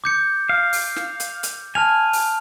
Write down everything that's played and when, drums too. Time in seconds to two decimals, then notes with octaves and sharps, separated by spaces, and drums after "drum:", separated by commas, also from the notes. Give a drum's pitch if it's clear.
0.04 D6 G6 C#7
0.49 F5
0.73 drum: open hi-hat
0.96 drum: snare
1.20 drum: hi-hat
1.43 drum: hi-hat
1.75 G#5 A5 F6 F7
2.13 drum: open hi-hat